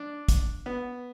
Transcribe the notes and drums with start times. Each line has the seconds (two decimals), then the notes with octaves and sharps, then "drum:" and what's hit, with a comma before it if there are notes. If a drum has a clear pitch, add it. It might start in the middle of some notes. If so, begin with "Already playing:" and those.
Already playing: D4
0.28 drum: kick, hi-hat
0.66 B3